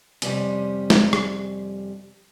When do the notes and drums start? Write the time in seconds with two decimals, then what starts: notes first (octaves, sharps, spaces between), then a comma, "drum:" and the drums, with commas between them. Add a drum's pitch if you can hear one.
0.22 F2 C3 G3 C#4, drum: hi-hat
0.90 drum: snare
1.13 drum: rim click